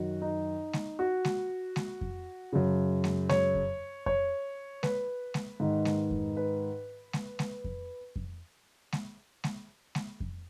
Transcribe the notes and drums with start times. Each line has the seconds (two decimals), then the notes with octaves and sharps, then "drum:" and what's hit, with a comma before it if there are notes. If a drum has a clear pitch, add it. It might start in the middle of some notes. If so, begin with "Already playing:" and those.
Already playing: F#2 D#3 F#4
0.22 D#4
0.73 drum: snare G#3
0.99 F#4
1.25 drum: snare G#3
1.76 drum: snare G#3
2.01 drum: kick F2
2.53 F#2 C#3
3.04 drum: snare G#3
3.29 C#5, drum: snare G#3
3.55 drum: kick F2
4.06 C#5, drum: kick F2
4.83 B4, drum: snare G#3
5.34 drum: snare G#3
5.60 G#2 D#3
5.85 drum: snare G#3
6.11 drum: kick F2
6.37 B4
7.13 drum: snare G#3
7.39 drum: snare G#3
7.64 drum: kick F2
8.16 drum: kick F2
8.92 drum: snare G#3
9.44 drum: snare G#3
9.95 drum: snare G#3
10.20 drum: kick F2